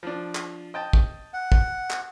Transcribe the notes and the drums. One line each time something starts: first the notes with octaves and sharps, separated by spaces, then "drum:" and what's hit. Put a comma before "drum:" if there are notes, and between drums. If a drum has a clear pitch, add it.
F3 D4
drum: clap
D#5 G5 A5
drum: kick
F#5
drum: kick
drum: clap